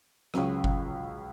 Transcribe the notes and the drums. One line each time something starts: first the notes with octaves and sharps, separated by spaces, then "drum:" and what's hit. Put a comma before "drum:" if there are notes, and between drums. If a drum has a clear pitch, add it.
C#2 C#3 F#3 C#4, drum: rim click
drum: kick G1